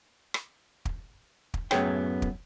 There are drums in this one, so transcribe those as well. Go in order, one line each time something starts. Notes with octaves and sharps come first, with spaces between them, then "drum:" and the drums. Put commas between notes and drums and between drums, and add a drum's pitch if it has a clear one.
drum: rim click
drum: kick
drum: kick
F#2 A2 B3 G#4 C#5 G5, drum: rim click
drum: kick